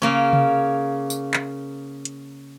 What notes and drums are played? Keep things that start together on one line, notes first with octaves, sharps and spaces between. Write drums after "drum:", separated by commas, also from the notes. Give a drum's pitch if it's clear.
C#3 A#3 C#4
drum: tom C3
drum: tambourine
drum: clap
drum: hi-hat